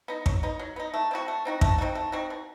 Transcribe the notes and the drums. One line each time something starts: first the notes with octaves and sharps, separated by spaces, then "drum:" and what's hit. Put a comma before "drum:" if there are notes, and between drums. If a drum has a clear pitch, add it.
B3 D#4
F#3, drum: kick
B3 D#4
F#3
B3 D#4
A3
C4 D#4 F#4
A3
C4 D#4 F#4
A3, drum: kick
C4 D#4 F#4
A3
C4 D#4 F#4
B2